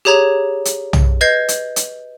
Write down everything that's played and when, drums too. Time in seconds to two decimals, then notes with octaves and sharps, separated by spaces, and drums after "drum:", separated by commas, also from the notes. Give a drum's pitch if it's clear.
0.05 G4 G#4 C#5 A#5 G#6
0.65 drum: hi-hat
0.93 drum: tom
1.21 B4 D#5 G6 G#6 C7
1.48 drum: hi-hat
1.76 drum: hi-hat